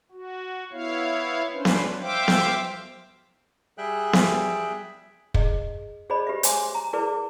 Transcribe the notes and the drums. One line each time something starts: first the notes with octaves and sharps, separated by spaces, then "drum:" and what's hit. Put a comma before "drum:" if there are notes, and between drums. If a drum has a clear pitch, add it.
F#4
B3 E4 C#5 F5
C#4 D4 B4 C5
drum: snare B3
C5 E5 F5 G5 D6
drum: snare B3
G3 G#4 E5 G5 F#6
drum: snare B3
G#4 D#5, drum: kick
G#4 C5 D5 D#5 B5
G4 B4 E5
G4 C5 C#5 G#5 C6 D6, drum: hi-hat
A#5
E4 G#4 A#4 B4 D5 D6